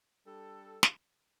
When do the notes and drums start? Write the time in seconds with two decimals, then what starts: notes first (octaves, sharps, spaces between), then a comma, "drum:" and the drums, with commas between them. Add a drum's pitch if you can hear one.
0.25 G3 D4 A4
0.83 drum: snare